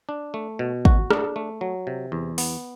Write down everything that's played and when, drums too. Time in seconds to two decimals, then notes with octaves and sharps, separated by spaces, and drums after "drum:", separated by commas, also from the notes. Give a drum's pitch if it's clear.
0.09 D4
0.34 A3
0.59 B2
0.85 F#4, drum: kick
1.11 D4, drum: rim click
1.36 A3
1.61 F#3
1.87 C3
2.12 E2
2.38 B3, drum: open hi-hat